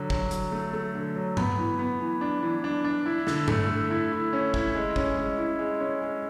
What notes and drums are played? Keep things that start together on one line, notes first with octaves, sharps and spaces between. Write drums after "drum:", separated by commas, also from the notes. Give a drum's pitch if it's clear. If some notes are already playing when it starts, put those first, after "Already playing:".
Already playing: D3 F#3
F#3, drum: kick
F#3, drum: hi-hat
A3
A3
D3
F#3
B3, drum: tom G2
E3
B3
E3
D4
E3
D4
D4
E4
D3, drum: snare
A3, drum: tom G2
D3
E4
E4
C#4
E4, drum: kick
G#3
C#4, drum: kick
G#3
E4
G#3
C#4
G#3